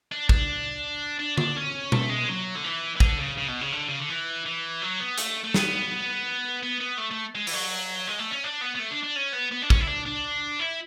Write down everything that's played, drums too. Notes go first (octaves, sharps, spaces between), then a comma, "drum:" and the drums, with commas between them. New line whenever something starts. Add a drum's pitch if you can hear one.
D4
D4, drum: kick
D4
D4, drum: tom D3
C#4
A3, drum: tom B2
G#3
F#3
D3
E3
E3
D3, drum: kick
C#3
C#3
B2
C#3
D3
C#3
D3
E3
E3
F#3
B3
A3, drum: hi-hat
A3
B3, drum: snare
B3
B3
A3
A3
G#3
E3, drum: open hi-hat
F#3
G#3
A3
C#4
D4
B3
B3
A3
D4
D4
C#4
B3
B3
D4
C#4, drum: kick
E4
D4
D4
E4